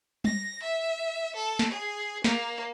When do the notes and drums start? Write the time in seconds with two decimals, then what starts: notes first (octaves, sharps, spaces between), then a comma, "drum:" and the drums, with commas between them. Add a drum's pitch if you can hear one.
0.24 A#6, drum: tom G3
0.63 E5
1.35 A4
1.59 drum: snare
1.70 G#4
2.24 A#3, drum: snare